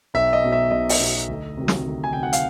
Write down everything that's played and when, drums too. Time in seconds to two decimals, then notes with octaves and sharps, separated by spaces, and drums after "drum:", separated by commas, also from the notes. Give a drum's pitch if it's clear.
0.14 B1 E5
0.33 D#5
0.43 B2 F#3
0.52 E5
0.71 B1 D#5
0.89 D#5, drum: open hi-hat
1.00 B2 F#3
1.28 D2
1.57 C3 D#3 F#3
1.68 drum: snare
1.86 D2
2.04 G#5
2.13 C3 D#3 F#3 G5
2.23 F#5
2.33 F5, drum: hi-hat